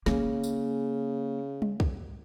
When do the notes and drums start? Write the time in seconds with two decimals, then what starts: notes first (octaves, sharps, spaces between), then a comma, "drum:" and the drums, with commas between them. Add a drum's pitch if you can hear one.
0.06 C#3 A#3, drum: snare
0.43 drum: tambourine
1.62 drum: tom G3
1.80 drum: kick